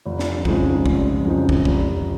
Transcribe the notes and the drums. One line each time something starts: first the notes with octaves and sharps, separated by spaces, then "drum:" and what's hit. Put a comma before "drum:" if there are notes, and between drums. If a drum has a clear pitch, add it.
F1
drum: snare
F2 C#3 G#3 D#4, drum: kick
F1, drum: kick
F2 C#3 G#3 D#4
drum: kick
F1, drum: kick